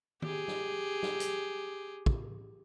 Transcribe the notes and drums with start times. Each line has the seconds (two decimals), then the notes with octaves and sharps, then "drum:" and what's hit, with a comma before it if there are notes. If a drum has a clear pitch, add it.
0.22 G4 G#4, drum: tom D#3
0.48 drum: snare
1.03 drum: snare
1.20 drum: hi-hat
2.06 drum: kick